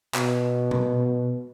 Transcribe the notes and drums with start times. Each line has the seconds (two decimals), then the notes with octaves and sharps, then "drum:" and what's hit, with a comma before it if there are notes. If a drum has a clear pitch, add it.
0.14 B2, drum: clap
0.71 drum: tom A#2